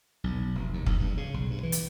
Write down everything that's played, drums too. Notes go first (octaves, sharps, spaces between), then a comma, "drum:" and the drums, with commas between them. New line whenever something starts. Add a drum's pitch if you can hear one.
B1
F1
D#2
A#1, drum: kick
G2
C#3
B1
G2
E3
drum: hi-hat